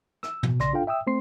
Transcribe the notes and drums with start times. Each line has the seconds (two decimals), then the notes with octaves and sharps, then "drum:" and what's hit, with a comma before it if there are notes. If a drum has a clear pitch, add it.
0.23 E6, drum: rim click
0.43 B2, drum: tom
0.60 A#1 C#3 D5 C6 A#6, drum: rim click
0.73 D4 F4 A4 F5 G5
0.87 E5 G5 D#6 E6
1.07 A3 C4 C5 C6 C7